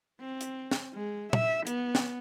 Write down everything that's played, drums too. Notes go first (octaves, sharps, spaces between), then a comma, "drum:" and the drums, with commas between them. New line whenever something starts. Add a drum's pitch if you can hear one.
C4
drum: hi-hat
drum: snare
G#3
E5, drum: tom
B3, drum: hi-hat
drum: snare